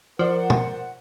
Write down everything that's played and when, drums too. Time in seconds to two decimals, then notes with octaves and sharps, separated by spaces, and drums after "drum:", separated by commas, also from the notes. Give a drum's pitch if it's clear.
0.19 F3 A#4 C5 D5 F#5
0.50 drum: tom